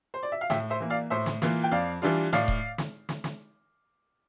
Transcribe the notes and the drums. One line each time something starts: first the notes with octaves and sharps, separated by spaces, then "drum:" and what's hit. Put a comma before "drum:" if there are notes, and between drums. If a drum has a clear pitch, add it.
C5
D5
E5
F5
A2 E5 G5, drum: snare
C5 E5
E3 A#3
D5 F5
A2 C5 E5
drum: snare
E3 A#3 F4, drum: snare
G5
F2 D5 F5
E3 G3 D4 F4
A2 D5 F5, drum: snare
drum: kick D#1
drum: snare
drum: snare
drum: snare